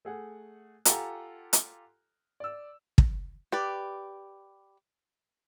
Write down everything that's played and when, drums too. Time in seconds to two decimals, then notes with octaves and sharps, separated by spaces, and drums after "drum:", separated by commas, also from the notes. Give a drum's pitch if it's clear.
0.05 A3 G#4 F#5
0.85 F4 G4 A4 F#5 G#5 A#5, drum: hi-hat
1.53 drum: hi-hat
2.40 D5 E6
2.98 drum: kick
3.52 G4 B4 D5